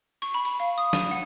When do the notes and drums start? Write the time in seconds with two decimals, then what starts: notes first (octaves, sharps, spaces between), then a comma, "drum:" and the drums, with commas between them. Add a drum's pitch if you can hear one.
0.22 C#6, drum: cymbal
0.34 B5
0.45 drum: cymbal
0.60 F5
0.78 D#6
0.93 D#7, drum: snare
1.11 F#5